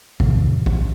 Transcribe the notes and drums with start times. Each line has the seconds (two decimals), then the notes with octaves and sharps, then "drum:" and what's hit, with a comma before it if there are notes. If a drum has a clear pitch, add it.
0.20 E2 A2 C3 D#3, drum: kick
0.66 drum: kick